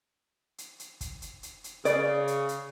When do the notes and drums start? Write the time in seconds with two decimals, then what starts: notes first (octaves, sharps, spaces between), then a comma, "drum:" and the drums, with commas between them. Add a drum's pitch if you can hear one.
0.58 drum: hi-hat
0.79 drum: hi-hat
1.01 drum: kick, hi-hat
1.22 drum: hi-hat
1.43 drum: hi-hat
1.64 drum: hi-hat
1.85 C#3 D5, drum: hi-hat
2.27 drum: hi-hat
2.49 drum: hi-hat